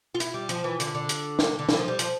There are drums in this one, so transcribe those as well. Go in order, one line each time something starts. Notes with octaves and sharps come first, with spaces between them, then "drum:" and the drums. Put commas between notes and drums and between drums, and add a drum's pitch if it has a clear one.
F4
E4, drum: hi-hat
G3
F3, drum: hi-hat
E3
D3, drum: hi-hat
D3
drum: hi-hat
drum: snare
D3
E3, drum: snare
F3
G3
F3, drum: hi-hat